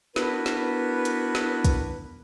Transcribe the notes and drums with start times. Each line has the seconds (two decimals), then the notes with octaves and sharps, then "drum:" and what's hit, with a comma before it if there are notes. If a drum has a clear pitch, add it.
0.16 B3 D4 E4 F#4 A#4 B4, drum: snare
0.46 drum: snare
1.05 drum: hi-hat
1.35 drum: snare
1.65 drum: kick, hi-hat